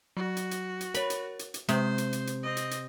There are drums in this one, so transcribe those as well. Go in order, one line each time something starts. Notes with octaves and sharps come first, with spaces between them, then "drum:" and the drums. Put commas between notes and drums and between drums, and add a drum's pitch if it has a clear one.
F#3 F#4
drum: hi-hat
drum: hi-hat
drum: hi-hat
A#4 C#5 B5, drum: hi-hat
drum: hi-hat
drum: hi-hat
drum: hi-hat
C3 G#3 C5 D#6, drum: hi-hat
drum: hi-hat
drum: hi-hat
drum: hi-hat
C4 D#5
drum: hi-hat
drum: hi-hat